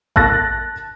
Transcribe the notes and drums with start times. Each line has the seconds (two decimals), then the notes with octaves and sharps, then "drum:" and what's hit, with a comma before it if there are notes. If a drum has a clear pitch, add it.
0.16 A5 F#6 A6 A#6, drum: kick A1